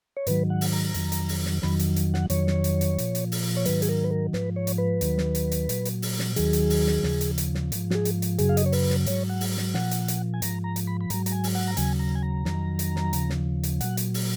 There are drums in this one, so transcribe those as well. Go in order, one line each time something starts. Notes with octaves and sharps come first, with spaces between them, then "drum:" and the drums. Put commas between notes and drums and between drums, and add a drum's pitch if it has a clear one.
C#5
G#2 D#3 F#3 B4, drum: hi-hat
F#5
drum: open hi-hat
A#5
F2 D#3 F#3, drum: hi-hat
drum: hi-hat
drum: open hi-hat
drum: snare
F2 D#3 F#3 B5, drum: snare
drum: hi-hat
drum: hi-hat
F#5, drum: snare
F2 D#3 F#3 C#5, drum: hi-hat
drum: snare
drum: hi-hat
drum: hi-hat
A#2 F3, drum: hi-hat
drum: hi-hat
drum: open hi-hat
C#5
G#2 D#3 F#3 B4, drum: hi-hat
G#4, drum: hi-hat
A#4
B4
A#4
G#2 F3 B4, drum: snare
C#5
drum: hi-hat
B4
D#2 D#3 F#3, drum: hi-hat
drum: snare
drum: hi-hat
drum: hi-hat
A#2 F#3, drum: hi-hat
drum: hi-hat
drum: open hi-hat
drum: snare
D#2 D#3 F#3 G#4, drum: hi-hat
drum: hi-hat
drum: open hi-hat
drum: snare
D#2 C#3 F3, drum: snare
drum: hi-hat
drum: hi-hat
drum: snare
G#2 F3, drum: hi-hat
F#4, drum: snare
G#4
drum: hi-hat
drum: hi-hat
F#2 C#3 F#3 G#4, drum: hi-hat
F5
D#5, drum: hi-hat
C#5
B4, drum: open hi-hat
drum: snare
G#2 F#3 C#5, drum: hi-hat
F#5
drum: open hi-hat
drum: snare
A#2 F3 F#5, drum: snare
drum: hi-hat
drum: hi-hat
G#5
G#2 F3 A#5, drum: hi-hat
A#5
drum: hi-hat
B5
B5
G#2 F#3 A#5, drum: hi-hat
A#5, drum: hi-hat
G#5
drum: open hi-hat
F#5
A#5
D#2 C#3 F#3 G#5, drum: hi-hat
A#5
G#5
A#5
F2 D#3 F#3, drum: snare
drum: hi-hat
drum: snare
D#2 C#3 F3, drum: hi-hat
drum: snare
drum: hi-hat
A#2 F#3 F#5, drum: hi-hat
drum: hi-hat
drum: open hi-hat